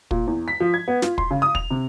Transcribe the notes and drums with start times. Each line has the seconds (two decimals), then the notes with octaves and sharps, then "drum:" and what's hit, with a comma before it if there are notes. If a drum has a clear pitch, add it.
0.11 A#2, drum: kick
0.27 E2
0.48 B6
0.60 F3
0.74 G#6
0.88 B3
1.02 F4, drum: snare
1.18 C6, drum: kick
1.31 C#3
1.42 D#6
1.55 F7, drum: kick
1.71 C3